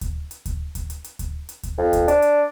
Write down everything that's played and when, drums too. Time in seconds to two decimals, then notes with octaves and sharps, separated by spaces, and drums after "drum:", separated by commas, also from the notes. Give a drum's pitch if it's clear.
0.01 drum: kick D2, hi-hat
0.31 drum: hi-hat
0.46 drum: kick D2, hi-hat
0.75 drum: kick D2, hi-hat
0.90 drum: hi-hat
1.04 drum: hi-hat
1.19 drum: kick D2, hi-hat
1.49 drum: hi-hat
1.63 drum: kick D2, hi-hat
1.78 F2
1.93 drum: kick D2, hi-hat
2.08 D4, drum: hi-hat
2.22 drum: hi-hat